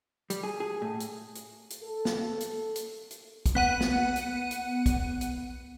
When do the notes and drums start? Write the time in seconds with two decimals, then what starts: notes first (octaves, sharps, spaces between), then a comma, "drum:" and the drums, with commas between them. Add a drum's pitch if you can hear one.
0.30 G3, drum: hi-hat
0.43 G#4
0.60 G#4
0.82 A2
1.00 drum: hi-hat
1.35 drum: hi-hat
1.70 drum: hi-hat
1.83 A4
2.05 drum: snare
2.40 drum: hi-hat
2.75 drum: hi-hat
3.11 drum: hi-hat
3.46 drum: kick, hi-hat
3.55 B3 F#5 D#7
3.81 drum: snare
4.16 drum: hi-hat
4.51 drum: hi-hat
4.86 drum: kick, hi-hat
5.21 drum: hi-hat